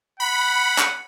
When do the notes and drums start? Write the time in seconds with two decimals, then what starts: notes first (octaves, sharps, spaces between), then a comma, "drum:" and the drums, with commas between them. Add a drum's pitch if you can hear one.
0.20 F#5 B5
0.78 drum: clap